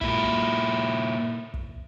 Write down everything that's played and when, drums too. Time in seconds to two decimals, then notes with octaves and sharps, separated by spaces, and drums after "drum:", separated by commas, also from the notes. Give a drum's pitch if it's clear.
0.01 A#2 E4, drum: kick
1.54 drum: kick